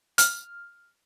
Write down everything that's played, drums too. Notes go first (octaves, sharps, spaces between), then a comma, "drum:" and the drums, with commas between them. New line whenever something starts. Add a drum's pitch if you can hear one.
F6, drum: hi-hat